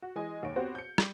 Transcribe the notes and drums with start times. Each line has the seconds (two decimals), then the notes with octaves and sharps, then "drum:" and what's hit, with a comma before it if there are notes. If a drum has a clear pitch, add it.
0.02 F#4
0.16 E3 G#3 D#5 G#5
0.43 D#2 C#5 D7
0.56 B3 C4 F#4 G4 C5 C#5
0.75 G6 C#7
0.98 G3, drum: rim click